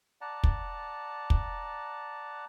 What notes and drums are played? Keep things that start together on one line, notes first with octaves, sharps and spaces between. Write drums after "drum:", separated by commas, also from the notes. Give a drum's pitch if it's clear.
D5 F#5 A5 A#5
drum: kick
drum: kick